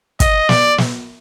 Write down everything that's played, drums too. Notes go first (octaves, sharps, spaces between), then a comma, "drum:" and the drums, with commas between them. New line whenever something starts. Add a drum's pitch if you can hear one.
D#5, drum: kick, hi-hat
D5, drum: snare
drum: snare